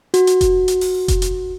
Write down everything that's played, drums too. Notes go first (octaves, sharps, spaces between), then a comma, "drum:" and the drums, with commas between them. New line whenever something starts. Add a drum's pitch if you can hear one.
F#4, drum: hi-hat
drum: hi-hat
drum: kick F1, hi-hat
drum: hi-hat
drum: open hi-hat
drum: kick F1, hi-hat
drum: hi-hat